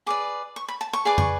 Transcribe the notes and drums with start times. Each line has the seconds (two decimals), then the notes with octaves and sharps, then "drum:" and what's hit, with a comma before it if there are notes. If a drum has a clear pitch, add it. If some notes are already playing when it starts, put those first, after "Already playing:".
0.06 G#4 B4 D5 D6
0.56 C#6
0.68 B5
0.81 A5
0.93 C#6
1.05 G#4 B4 D5 D6
1.18 C#6, drum: tom